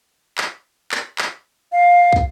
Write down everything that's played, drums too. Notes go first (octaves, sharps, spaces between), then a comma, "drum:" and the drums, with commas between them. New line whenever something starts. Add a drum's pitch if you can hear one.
drum: clap
drum: clap
drum: clap
F5
drum: kick